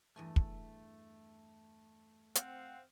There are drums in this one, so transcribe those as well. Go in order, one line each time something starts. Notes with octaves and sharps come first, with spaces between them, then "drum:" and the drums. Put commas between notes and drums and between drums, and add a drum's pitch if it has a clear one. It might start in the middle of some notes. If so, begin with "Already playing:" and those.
E2 G2 A3 G#5
drum: kick
C4 F5 F#5, drum: hi-hat